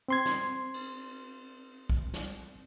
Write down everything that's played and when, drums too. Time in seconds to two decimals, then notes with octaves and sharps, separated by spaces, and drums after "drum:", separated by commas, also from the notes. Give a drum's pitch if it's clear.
0.08 C4 C6 G#6, drum: hi-hat
0.26 drum: snare
0.74 drum: cymbal
1.90 drum: kick
2.14 drum: snare